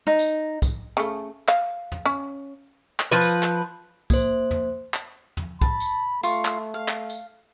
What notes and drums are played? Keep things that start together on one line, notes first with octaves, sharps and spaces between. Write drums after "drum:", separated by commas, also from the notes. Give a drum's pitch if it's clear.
D#4
drum: tambourine
drum: kick, tambourine
C#3 A3
F5, drum: clap
drum: tom
C#4
drum: clap
F3 B4
drum: tambourine
drum: clap
A#3 C5, drum: kick, tambourine
drum: tom
drum: clap
drum: tom
A5 B5, drum: kick
drum: tambourine
A3 F4 C#6, drum: tambourine
drum: clap
F5
drum: clap
drum: tambourine